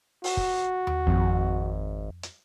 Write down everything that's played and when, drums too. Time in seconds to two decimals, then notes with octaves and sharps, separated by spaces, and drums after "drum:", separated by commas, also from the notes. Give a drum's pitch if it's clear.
0.24 F#4, drum: open hi-hat
0.37 drum: kick
0.87 drum: tom D#2
1.07 G#1 F2
2.23 drum: hi-hat